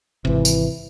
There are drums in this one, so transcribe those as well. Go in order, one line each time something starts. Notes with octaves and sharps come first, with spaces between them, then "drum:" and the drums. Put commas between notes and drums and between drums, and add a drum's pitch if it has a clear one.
G#1 C3 E3
drum: tambourine